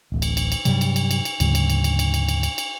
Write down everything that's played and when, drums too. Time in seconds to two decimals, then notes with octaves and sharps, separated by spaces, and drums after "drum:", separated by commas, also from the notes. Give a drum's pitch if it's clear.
0.12 D1 A1
0.22 drum: cymbal
0.37 drum: cymbal
0.52 drum: cymbal
0.65 G2 C3 F#3 G3, drum: cymbal
0.81 drum: cymbal
0.96 drum: cymbal
1.11 drum: cymbal
1.25 drum: cymbal
1.40 D2 G#2 C#3 F#3, drum: cymbal
1.55 drum: cymbal
1.70 drum: cymbal
1.84 drum: cymbal
1.99 drum: cymbal
2.14 drum: cymbal
2.28 drum: cymbal
2.43 drum: cymbal
2.58 drum: cymbal